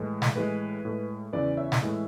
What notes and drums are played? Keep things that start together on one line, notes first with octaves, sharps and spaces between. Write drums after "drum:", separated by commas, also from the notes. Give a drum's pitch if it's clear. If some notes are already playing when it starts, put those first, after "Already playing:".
Already playing: A2 E3 G#3
drum: snare
A2 E3 G#3 G#4 B4
A2 G#3
E2 C#3 E3 B4 D5
C#5 E5
drum: snare
A2 E3 G#3